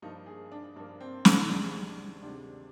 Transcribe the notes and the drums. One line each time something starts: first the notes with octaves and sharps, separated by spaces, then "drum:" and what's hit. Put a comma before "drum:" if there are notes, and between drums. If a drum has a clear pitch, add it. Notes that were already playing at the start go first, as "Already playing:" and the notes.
G2 F3 A#3 D#4
G#4
D4
G2 F3 A#3 D4
C4
C4, drum: snare
D2 C3 D#3 G#3 D4
D4
D2 C3 D#3 G#3 D4